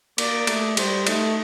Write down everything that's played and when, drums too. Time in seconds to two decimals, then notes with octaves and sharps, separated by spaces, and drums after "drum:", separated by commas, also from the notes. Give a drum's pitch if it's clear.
0.18 A#3 D5, drum: cymbal
0.47 A3, drum: cymbal
0.77 G3 C5, drum: cymbal
1.07 A3 D#4, drum: cymbal